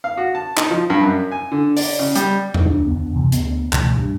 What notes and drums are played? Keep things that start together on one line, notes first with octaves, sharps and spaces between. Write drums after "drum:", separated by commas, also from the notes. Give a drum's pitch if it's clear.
F5
F#4
A5
D#4, drum: clap
F3
G2
F#2
G#5
D3
D5, drum: open hi-hat
C#3
G3, drum: hi-hat
drum: tom E2
D2 D4
D#2 D3 B3
F#2 C3 E3
D2 B3, drum: hi-hat
C#2 B2 E3 A3, drum: clap
G2